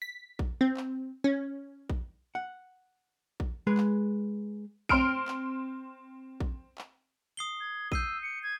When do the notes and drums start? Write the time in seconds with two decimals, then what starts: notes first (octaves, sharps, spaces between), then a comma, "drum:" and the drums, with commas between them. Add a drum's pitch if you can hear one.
0.02 B6
0.39 drum: kick A#1
0.61 C4
0.77 drum: clap
1.24 C#4
1.90 drum: kick A#1
2.35 F#5
3.40 drum: kick A#1
3.67 G#3 G#4 B4
3.77 drum: clap
4.89 C4 C6 F6 D7, drum: kick A#1
5.28 drum: clap
6.40 drum: kick A#1
6.78 drum: clap
7.37 D#6 C7 G7
7.60 G#6
7.92 E6 G6 C7 D#7, drum: kick A#1
8.23 C#7
8.43 G#6